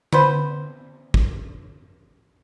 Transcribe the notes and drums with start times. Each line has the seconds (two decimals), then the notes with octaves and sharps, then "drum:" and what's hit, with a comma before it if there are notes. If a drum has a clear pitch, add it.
0.13 B3 B4 C5, drum: tom D3
1.14 drum: kick